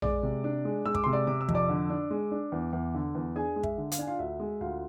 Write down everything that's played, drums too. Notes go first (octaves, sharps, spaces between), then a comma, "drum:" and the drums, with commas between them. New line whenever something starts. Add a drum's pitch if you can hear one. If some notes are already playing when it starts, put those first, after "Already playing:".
G#3 D5 D6, drum: tom A#1
C3
D4
G#3
G#3 E6
D6, drum: kick
C3 C6
D5 D6
C3 D6
E6
F2, drum: kick
D5 D6
D3
D4
G#3
D4
E2
E2
D3
E2
D4 G#4 G#5
G#3
E5, drum: kick
D3
F5, drum: hi-hat
D4 G#5
F4 F5
D2 E5
G#3
D2 F4 F5